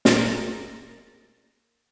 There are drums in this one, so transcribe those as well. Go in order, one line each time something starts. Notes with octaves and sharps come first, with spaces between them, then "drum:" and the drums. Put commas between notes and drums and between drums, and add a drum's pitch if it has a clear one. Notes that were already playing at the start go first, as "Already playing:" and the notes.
A#2 A#3 G#4 A#4 A6 A#6, drum: snare